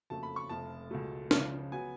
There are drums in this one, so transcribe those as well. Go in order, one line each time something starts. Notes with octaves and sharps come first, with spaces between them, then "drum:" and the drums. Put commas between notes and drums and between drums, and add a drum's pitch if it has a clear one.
F#1 F2 C#3 F#3 A3 A5
B5
C#6
F1 F2 F3 A5
C#2 B2 A3
C#2 C#3 F3, drum: snare
F#3 B3 G#5